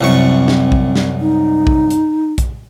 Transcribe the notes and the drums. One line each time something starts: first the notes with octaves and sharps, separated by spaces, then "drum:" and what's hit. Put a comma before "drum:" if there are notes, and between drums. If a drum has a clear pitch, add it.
C2 F#2 C4 C#6
drum: snare
drum: kick A#1
drum: snare
D#4
drum: kick A#1
drum: hi-hat
drum: kick A#1, hi-hat